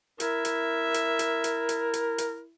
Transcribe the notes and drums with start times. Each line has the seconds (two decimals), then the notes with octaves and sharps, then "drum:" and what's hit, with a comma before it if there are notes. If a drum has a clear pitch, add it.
0.20 E4 A#4 E5, drum: hi-hat
0.45 drum: hi-hat
0.94 drum: hi-hat
1.19 drum: hi-hat
1.44 drum: hi-hat
1.69 drum: hi-hat
1.93 drum: hi-hat
2.18 drum: hi-hat